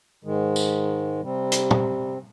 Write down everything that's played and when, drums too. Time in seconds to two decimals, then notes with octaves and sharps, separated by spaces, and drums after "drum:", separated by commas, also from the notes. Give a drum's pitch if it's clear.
0.24 G#2 D#3 G#3
0.56 drum: tambourine
1.21 C3 G3 C4
1.52 drum: hi-hat
1.71 drum: tom